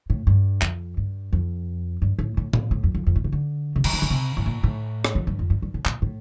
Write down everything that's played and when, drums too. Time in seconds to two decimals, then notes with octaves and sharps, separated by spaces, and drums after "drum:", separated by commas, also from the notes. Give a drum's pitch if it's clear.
0.10 A2
0.27 G2
0.62 F2, drum: clap
0.97 G2
1.33 F2
2.02 G2
2.19 A2
2.37 A2
2.53 A#2, drum: tom A2
2.71 A2
2.84 F2
2.95 F2
3.07 F2
3.16 A2
3.24 C3
3.32 D3
3.76 C3
3.84 F3, drum: cymbal
3.93 D#3
4.02 D3
4.10 C3
4.37 A2
4.46 A#2
4.64 A2
5.05 drum: rim click
5.15 F2
5.27 G2
5.39 F2
5.50 G2
5.62 G2
5.74 A2
5.85 A#2, drum: clap
6.02 A2